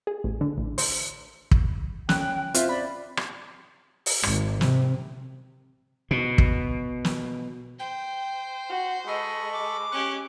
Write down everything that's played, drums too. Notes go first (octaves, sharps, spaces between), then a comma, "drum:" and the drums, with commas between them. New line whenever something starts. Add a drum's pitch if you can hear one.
G#4
A1
D3
A1
C5, drum: open hi-hat
drum: kick
C#4 G5 F#6, drum: snare
C4 F4 E5, drum: hi-hat
D5 B5
drum: rim click
drum: open hi-hat
G#1, drum: rim click
C3, drum: snare
B2
drum: kick
drum: snare
C5 G5
F#4
G#3 A4 D#5 B5 C#6
D6
C#4 G4 C#6 F#6